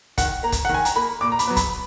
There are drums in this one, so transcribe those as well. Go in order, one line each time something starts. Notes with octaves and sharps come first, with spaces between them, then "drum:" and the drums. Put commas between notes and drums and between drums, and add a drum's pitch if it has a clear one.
D#3 F#5, drum: kick, hi-hat
A#3 A#5
drum: kick, hi-hat
D#3 F#5
G#5
A#5, drum: hi-hat
A#3 B5
A#2 D6
A#5
B5, drum: hi-hat
F#3 B3
B5, drum: kick, hi-hat